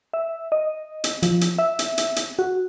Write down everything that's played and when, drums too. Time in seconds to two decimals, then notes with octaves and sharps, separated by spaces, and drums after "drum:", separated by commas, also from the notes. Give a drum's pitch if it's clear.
0.14 E5
0.52 D#5
1.04 drum: hi-hat
1.23 F3, drum: hi-hat
1.41 drum: hi-hat
1.58 E5
1.79 drum: hi-hat
1.98 drum: hi-hat
2.16 drum: hi-hat
2.39 F#4